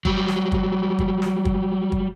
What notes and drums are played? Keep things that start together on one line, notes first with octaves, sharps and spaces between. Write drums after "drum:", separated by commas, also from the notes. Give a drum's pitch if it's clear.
F#3 G3, drum: kick
drum: snare
drum: kick
drum: kick
drum: snare
drum: kick
drum: kick